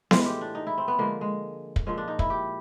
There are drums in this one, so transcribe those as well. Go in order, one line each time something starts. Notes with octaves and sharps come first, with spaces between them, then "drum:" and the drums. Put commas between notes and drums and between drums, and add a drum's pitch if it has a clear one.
A2 E3 G#3 F4, drum: snare B3
G4
D4
D#4
E4
C4
B3
D3 F3 G#3 A#3
G#3
drum: kick
A#2 F3 G#3 C#4
D4
D#4
E4, drum: kick
G4